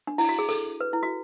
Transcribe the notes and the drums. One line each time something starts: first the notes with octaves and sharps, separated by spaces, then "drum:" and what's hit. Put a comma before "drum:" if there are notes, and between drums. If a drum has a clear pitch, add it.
D4
E4, drum: open hi-hat
F#4
G#4
A4, drum: hi-hat
B4
E4
F#4